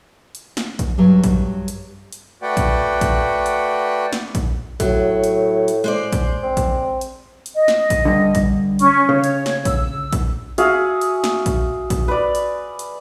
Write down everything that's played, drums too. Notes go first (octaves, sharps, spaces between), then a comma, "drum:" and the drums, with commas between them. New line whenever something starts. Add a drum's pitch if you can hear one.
drum: hi-hat
drum: snare
drum: kick A#1, hi-hat
G2 F#3 G3 G4
drum: kick A#1, hi-hat
drum: hi-hat
drum: hi-hat
A3 F#4 B4 D5 F#5 G5
drum: kick A#1, hi-hat
drum: kick A#1, hi-hat
drum: hi-hat
drum: snare
drum: kick A#1, hi-hat
A2 F#3, drum: kick A#1, hi-hat
drum: hi-hat
drum: hi-hat
G#3 C5 D5
drum: kick A#1, hi-hat
C4
drum: kick A#1, hi-hat
drum: hi-hat
drum: hi-hat
D#5
drum: snare
drum: kick A#1, hi-hat
G2 D3
drum: kick A#1, hi-hat
C#4 C#6, drum: hi-hat
C#3 C#5
drum: hi-hat
drum: snare
E6, drum: kick A#1, hi-hat
drum: kick A#1, hi-hat
F#4 G#4 E5 F5, drum: hi-hat
drum: hi-hat
drum: snare
drum: kick A#1, hi-hat
drum: kick A#1, hi-hat
B4 D5
drum: hi-hat
drum: hi-hat